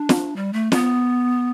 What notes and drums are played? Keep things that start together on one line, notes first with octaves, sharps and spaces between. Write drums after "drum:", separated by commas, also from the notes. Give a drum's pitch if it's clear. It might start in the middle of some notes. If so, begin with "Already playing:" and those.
Already playing: D4
drum: snare
G3
A3
B3, drum: snare